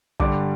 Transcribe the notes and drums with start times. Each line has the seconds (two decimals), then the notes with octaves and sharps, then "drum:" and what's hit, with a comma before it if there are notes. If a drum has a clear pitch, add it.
0.20 G2 D3 G3 D6, drum: kick